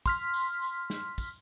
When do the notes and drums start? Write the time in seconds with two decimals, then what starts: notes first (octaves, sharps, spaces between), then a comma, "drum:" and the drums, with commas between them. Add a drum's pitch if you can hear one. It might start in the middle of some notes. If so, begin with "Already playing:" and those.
0.06 C6 F6 B6, drum: kick, tambourine
0.34 drum: tambourine
0.62 drum: tambourine
0.90 drum: snare
1.18 drum: kick, tambourine